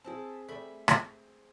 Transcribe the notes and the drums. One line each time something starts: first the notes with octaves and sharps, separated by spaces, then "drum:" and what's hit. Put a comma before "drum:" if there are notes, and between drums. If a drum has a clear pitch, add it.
C4 E4 G#4 A4 A5
G3 A3 E5 B5
drum: rim click